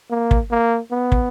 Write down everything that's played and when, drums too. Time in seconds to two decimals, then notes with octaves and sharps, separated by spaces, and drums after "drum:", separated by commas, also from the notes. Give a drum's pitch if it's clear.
0.10 A#3
0.31 drum: kick
0.51 A#3
0.91 B3
1.12 drum: kick